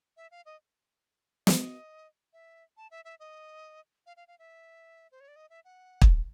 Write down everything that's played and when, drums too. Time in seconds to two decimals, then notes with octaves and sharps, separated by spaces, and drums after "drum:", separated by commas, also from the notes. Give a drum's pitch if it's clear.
0.17 E5
0.31 F5
0.46 D#5
1.47 D#5, drum: snare
2.33 E5
2.77 A5
2.91 E5
3.05 E5
3.20 D#5
4.06 F5
4.17 F5
4.28 F5
4.39 E5
5.12 C5
5.20 C#5
5.28 D5
5.36 D#5
5.50 E5
5.65 F#5
6.01 drum: kick